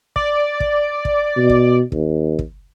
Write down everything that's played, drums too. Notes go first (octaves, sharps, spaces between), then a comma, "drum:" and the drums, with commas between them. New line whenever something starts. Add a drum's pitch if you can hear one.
D5, drum: kick
drum: kick
drum: kick
B2
drum: kick
D#2, drum: kick
drum: kick